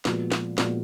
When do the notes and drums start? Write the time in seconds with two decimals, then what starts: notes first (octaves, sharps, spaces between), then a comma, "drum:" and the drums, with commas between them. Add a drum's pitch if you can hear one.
0.05 A#2 F3 G#3 B3 F#4, drum: snare
0.32 drum: snare
0.58 A#2 F3 G#3 B3 F#4, drum: snare